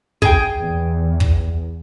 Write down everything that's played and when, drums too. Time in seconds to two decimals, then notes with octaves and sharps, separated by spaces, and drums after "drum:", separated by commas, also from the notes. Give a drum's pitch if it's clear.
0.22 G#4 G5, drum: kick
0.57 E2
1.20 drum: kick